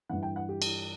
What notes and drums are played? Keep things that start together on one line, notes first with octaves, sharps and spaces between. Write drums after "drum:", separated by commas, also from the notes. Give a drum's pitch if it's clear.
G2 E3 F#5
G5
F#5
G4
drum: cymbal